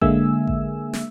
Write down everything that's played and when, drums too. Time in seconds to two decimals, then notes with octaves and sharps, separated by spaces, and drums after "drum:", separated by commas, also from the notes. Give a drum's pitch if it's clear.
0.01 D3 G#3 A#3 E5 G#5 E6, drum: kick A1
0.47 drum: kick A1
0.93 drum: snare